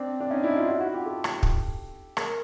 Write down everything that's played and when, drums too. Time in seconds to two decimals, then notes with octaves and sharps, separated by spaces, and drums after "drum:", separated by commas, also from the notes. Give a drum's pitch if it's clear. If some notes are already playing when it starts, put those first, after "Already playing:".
Already playing: C4 D4
0.20 D4
0.31 C#4 D#4
0.43 D4 E4
0.56 D#4 F4
0.68 E4 F#4
0.80 E4 F#4
0.93 F4 G4
1.05 G4 A4
1.24 drum: rim click
1.43 drum: kick
2.17 G#4 A#4, drum: rim click